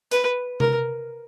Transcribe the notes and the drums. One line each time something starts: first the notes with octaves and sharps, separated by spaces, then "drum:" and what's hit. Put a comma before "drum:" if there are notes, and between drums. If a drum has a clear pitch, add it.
B4, drum: hi-hat
A#4, drum: tom C3